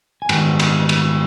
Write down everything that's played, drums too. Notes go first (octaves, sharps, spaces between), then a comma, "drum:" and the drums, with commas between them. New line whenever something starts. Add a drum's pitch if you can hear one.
G#5
G#2 D#3 G3 B3 G5, drum: cymbal
drum: cymbal
drum: cymbal